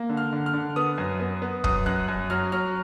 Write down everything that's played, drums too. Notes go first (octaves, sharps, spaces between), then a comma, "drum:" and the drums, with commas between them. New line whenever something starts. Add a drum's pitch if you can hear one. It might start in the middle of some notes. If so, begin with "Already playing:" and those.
Already playing: A#3
D3
F6
D3
F6
D3
B3 D#6
F#2
B3
B3
F#2 D#6, drum: kick
F#2 F#6
F#2
F#3 F6
F#3 F6